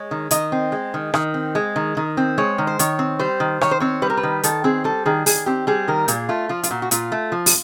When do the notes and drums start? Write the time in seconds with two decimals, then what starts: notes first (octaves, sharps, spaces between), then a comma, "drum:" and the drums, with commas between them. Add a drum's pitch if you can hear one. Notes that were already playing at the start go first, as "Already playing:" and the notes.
Already playing: G#3 C#5
0.11 D#3
0.31 D#3 D#5, drum: hi-hat
0.52 C4
0.72 G#3
0.94 D#3
1.14 D#3, drum: rim click
1.34 C4
1.55 G#3
1.76 D#3
1.97 D#3
2.17 C4
2.38 G#3 C#5
2.58 D#3
2.67 C5
2.79 D#3 C#5, drum: hi-hat
2.99 C4
3.19 G3 C5
3.40 D#3
3.61 D#3 C#5, drum: rim click
3.71 C5
3.80 C4 C#5
4.02 G3 B4
4.10 A#4
4.17 B4
4.23 D#3
4.43 D#3 A4, drum: hi-hat
4.64 C4 G#4
4.84 G3 A4
5.05 D#3 G#4
5.26 D#3 G#4, drum: open hi-hat
5.46 C4 G4
5.67 G3 G#4
5.88 D#3 A#4
6.08 A#2 G#4, drum: hi-hat
6.29 A3 F4
6.49 F3 F4
6.63 F4, drum: hi-hat
6.71 A#2 F#4
6.82 F#4
6.91 A#2 F4, drum: hi-hat
7.12 A3
7.32 F3
7.46 drum: open hi-hat